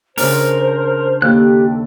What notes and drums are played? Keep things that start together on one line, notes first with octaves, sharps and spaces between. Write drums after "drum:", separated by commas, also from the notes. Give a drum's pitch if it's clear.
C#3 D4 A#4 C5 A5, drum: open hi-hat
D#2 G4 A4 G5 F#6